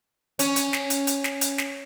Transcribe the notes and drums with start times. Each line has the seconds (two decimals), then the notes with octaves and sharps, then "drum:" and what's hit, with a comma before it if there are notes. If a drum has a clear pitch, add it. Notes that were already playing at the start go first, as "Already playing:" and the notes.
0.39 C#4, drum: hi-hat
0.56 drum: hi-hat
0.73 drum: snare
0.90 drum: hi-hat
1.07 drum: hi-hat
1.24 drum: snare
1.41 drum: hi-hat
1.58 drum: snare